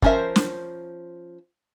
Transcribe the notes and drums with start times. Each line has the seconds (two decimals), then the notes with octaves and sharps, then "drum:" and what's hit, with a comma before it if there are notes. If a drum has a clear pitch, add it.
0.02 F3 C#4 A#4 C5 E5, drum: kick
0.36 drum: snare